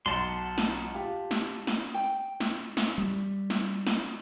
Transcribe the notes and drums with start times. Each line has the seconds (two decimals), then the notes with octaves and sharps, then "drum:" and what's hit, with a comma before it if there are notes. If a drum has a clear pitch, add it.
0.06 B1 F#5 A5 C6
0.58 drum: snare
0.94 F4 G4, drum: hi-hat
1.31 drum: snare
1.67 drum: snare
1.94 G5
2.04 drum: hi-hat
2.40 drum: snare
2.77 drum: snare
2.98 G3
3.14 drum: hi-hat
3.50 drum: snare
3.87 drum: snare